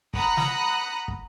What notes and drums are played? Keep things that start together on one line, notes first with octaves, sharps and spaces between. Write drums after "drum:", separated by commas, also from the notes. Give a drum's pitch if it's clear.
F#5 A#5 B5 D#6 F#6, drum: kick
drum: snare
drum: kick